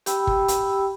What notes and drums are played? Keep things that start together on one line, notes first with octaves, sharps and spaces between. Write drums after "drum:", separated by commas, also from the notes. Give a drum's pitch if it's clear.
G4 G5 B5 E6, drum: hi-hat
drum: kick
drum: hi-hat